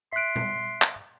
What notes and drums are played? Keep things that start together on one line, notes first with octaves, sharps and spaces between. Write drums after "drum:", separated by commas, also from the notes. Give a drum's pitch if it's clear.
E5 C6 F#6 B6 D7
drum: tom
drum: clap